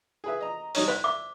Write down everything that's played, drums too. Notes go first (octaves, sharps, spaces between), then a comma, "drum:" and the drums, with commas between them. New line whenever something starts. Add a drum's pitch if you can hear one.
G#4 B4 E5
D#5 A#5
G3 D#4 C#5, drum: open hi-hat
C5 D5 B5
E5 D6